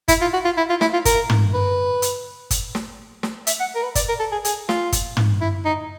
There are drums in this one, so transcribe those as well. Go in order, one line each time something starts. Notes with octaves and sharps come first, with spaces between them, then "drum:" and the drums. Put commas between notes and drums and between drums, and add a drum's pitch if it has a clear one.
E4, drum: kick G1, hi-hat
F4
F#4
F4
E4
F4
E4, drum: snare
F4
A#4, drum: kick G1, hi-hat
drum: tom
B4
drum: hi-hat
drum: kick G1, hi-hat
drum: snare
drum: snare
E5, drum: hi-hat
F#5
A#4
B4
D5, drum: kick G1, hi-hat
A#4
A4
G#4
G#4, drum: hi-hat
F4, drum: snare
drum: kick G1, hi-hat
drum: tom
E4
D#4